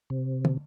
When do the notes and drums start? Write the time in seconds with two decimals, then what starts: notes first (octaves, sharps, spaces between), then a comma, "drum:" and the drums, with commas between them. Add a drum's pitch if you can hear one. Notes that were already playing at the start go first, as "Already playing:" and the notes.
0.10 C3
0.45 drum: tom